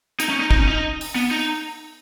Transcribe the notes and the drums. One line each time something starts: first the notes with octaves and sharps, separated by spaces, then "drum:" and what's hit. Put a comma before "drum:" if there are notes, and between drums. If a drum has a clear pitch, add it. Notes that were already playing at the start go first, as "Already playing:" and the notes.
D#4, drum: hi-hat
C#4
D#4
D#4, drum: kick
C#4
D#4
drum: open hi-hat
B3
D#4